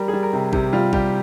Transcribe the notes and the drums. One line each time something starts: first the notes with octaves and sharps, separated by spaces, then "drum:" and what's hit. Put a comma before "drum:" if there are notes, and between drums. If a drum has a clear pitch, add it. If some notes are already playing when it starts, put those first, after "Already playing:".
Already playing: G3 A#4
G#4
G3
A#4
C3
C3 G4, drum: kick
G3 F4
G3 G4, drum: kick